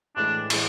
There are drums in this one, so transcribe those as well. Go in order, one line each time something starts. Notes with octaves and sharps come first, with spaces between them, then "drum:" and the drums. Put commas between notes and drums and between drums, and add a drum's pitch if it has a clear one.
A2 E3 G#3 D4
A2 E3 G#3, drum: cymbal